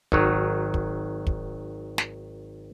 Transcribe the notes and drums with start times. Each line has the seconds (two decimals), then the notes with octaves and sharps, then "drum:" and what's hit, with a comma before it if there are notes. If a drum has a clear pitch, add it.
0.12 G#1 D#3 F#3, drum: kick
0.74 drum: kick
1.27 drum: kick
1.98 drum: snare